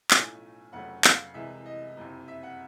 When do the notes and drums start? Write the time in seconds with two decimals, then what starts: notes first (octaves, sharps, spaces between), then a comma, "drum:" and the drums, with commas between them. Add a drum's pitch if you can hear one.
0.11 B1 A2 F3 A3 C#4 G#5, drum: clap
0.72 F1 F2 C#3 F#3 A3 F#5
1.04 F5, drum: clap
1.34 C2 C3 E3 G#3 E5
1.66 D#5
1.97 F#1 F2 C3
2.28 E5
2.43 F#5